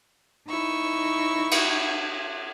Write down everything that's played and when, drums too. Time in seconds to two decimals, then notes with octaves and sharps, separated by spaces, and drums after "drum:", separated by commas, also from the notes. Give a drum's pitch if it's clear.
0.49 D#4 E4 C#6 E6
1.51 drum: cymbal